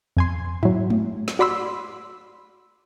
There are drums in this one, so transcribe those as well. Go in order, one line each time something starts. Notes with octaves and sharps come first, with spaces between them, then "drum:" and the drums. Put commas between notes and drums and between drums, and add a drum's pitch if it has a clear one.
F2 G#5 C6
F#3 E4, drum: tom G#2
drum: tom G#3
drum: snare
F#4 D5 B5 C6 E6